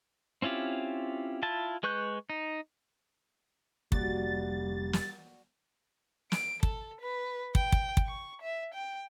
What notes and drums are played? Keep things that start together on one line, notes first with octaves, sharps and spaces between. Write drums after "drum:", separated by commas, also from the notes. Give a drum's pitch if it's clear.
C4 C#4 E4 F4 G4
E4 F4 A5
G#3 B4 C#6 F#6 G6
D#4
F1 G3 A#3 F#4 D5 A6, drum: kick
drum: snare
D7, drum: snare
A4, drum: kick
B4
G5, drum: kick
drum: kick
drum: kick
C#6
E5
G5